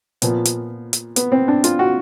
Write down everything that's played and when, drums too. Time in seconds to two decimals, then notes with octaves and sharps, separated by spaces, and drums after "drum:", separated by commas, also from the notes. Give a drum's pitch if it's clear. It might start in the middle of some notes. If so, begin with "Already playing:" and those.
0.22 A#2 F3 B3, drum: hi-hat
0.45 drum: hi-hat
0.93 drum: hi-hat
1.16 B3, drum: hi-hat
1.32 C4
1.48 D4
1.64 F4, drum: hi-hat
1.79 F#4